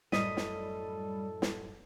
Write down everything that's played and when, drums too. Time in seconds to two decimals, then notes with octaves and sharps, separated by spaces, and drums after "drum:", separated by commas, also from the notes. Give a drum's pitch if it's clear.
0.12 F#2 A2 G3 A4 D#5 D#6 B6 D#7, drum: snare
0.37 drum: snare
1.42 drum: snare